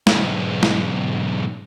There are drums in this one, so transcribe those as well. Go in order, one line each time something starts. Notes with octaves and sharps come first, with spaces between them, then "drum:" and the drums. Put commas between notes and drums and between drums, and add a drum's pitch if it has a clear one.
B1 G#2, drum: snare
drum: snare